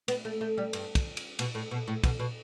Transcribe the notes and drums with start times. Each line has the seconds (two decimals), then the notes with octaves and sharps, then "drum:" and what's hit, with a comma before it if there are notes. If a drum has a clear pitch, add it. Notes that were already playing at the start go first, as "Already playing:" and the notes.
0.08 B3, drum: cymbal
0.25 A3
0.41 A3
0.58 G3
0.73 G2, drum: cymbal
0.95 drum: kick, cymbal
1.17 drum: cymbal
1.39 B2, drum: cymbal
1.55 A2
1.71 B2
1.88 A2
2.04 B2, drum: kick, cymbal
2.19 B2